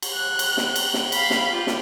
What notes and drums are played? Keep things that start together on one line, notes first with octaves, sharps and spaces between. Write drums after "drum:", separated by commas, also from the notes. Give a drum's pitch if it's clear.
drum: cymbal
F#6
drum: cymbal
drum: snare
drum: cymbal
drum: snare
F5 B5, drum: cymbal
drum: snare
F4 G4
drum: snare